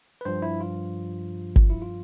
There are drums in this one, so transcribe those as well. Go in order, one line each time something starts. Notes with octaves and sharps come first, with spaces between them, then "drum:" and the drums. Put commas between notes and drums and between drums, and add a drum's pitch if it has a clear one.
B4
G2 F3 C5
E4
F4
drum: kick G1
E4
F4